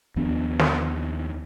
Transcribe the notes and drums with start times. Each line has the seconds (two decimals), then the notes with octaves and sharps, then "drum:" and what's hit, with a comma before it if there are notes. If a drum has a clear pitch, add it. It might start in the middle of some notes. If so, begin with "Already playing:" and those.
0.16 D#2 F3 B3 D4
0.59 drum: snare